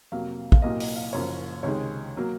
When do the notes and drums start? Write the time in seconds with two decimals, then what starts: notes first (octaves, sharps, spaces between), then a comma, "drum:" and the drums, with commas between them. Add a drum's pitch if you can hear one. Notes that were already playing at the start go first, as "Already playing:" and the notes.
0.12 F2 C3 F#3 A#3 F5
0.52 F5, drum: kick
0.62 C2 A#2 F#3 A#3 D#5
0.80 D#5, drum: open hi-hat
0.96 F5
1.13 F#1 F#2 F3 A#3 C#5
1.63 C#2 C3 D#3 G#3 C#5
2.17 F#3 A#3